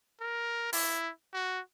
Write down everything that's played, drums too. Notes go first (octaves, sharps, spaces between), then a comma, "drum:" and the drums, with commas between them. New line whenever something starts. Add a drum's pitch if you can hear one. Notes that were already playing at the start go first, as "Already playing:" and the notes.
A#4
E4, drum: open hi-hat
F#4